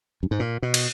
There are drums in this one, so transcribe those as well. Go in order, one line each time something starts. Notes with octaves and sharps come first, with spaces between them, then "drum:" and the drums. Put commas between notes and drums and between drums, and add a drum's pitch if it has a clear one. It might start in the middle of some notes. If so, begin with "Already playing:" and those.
F#2
G#2
A#2
B2
drum: cymbal